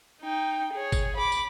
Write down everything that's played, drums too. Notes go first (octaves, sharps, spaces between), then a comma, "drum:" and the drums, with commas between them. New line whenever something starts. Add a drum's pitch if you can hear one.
D#4 G5
G#4 C#5
drum: kick, tambourine
B5 D6
drum: tambourine